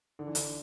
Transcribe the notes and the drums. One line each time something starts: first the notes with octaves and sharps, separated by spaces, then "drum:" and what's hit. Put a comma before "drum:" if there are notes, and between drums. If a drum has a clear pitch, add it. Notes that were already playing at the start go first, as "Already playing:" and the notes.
D3
E3
D3, drum: hi-hat